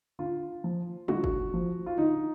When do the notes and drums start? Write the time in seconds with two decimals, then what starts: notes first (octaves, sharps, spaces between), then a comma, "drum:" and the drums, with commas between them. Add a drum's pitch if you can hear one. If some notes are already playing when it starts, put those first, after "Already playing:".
0.19 D3 F4
0.64 F3
1.08 D3 F#4, drum: tom
1.24 drum: kick
1.54 F3
1.86 F4
1.98 D3 D#4